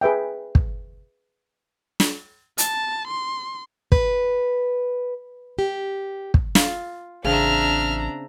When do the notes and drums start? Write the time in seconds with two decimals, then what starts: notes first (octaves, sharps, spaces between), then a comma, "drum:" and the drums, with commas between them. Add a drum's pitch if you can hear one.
0.01 G#4 B4 E5 G5
0.55 drum: kick
2.00 drum: snare
2.58 A5, drum: hi-hat
3.08 C6
3.92 B4, drum: kick
5.59 G4
6.34 drum: kick
6.55 F4, drum: snare
7.25 A1 C#3 C4 D4 E5 A#5 F6